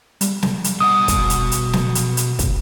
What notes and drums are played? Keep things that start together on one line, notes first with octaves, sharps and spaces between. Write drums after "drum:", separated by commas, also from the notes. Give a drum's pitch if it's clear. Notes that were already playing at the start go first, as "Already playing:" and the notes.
G3, drum: hi-hat
drum: snare
drum: hi-hat
B2 D#5 F#5 D#6
drum: kick, hi-hat
drum: hi-hat
drum: hi-hat
drum: snare
drum: hi-hat
drum: hi-hat
drum: kick, hi-hat